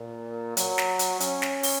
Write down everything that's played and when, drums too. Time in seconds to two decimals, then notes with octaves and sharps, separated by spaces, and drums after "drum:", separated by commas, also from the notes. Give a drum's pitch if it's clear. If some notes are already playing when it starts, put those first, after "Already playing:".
Already playing: A#2
0.57 F#3, drum: hi-hat
0.78 drum: snare
0.99 drum: hi-hat
1.20 C#4, drum: hi-hat
1.42 drum: snare
1.63 drum: open hi-hat